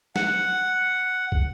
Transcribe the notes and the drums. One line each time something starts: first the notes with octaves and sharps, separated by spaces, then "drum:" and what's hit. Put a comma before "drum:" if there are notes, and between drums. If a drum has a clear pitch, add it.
F#5, drum: snare
drum: kick